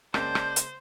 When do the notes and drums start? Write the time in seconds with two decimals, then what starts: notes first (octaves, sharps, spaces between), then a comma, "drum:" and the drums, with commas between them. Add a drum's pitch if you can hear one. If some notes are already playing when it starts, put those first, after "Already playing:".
0.14 C#3 G#3 A#3 C5 D5 G5 A5 G6, drum: rim click
0.35 drum: rim click
0.56 drum: hi-hat